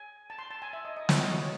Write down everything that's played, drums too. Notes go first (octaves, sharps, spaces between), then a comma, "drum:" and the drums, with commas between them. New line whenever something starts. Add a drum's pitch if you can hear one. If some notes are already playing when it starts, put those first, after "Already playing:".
Already playing: G#5
A5
C6
A5
G#5
E5
D#5
D#5
C#5, drum: snare
D#5
F#4 A4 C#5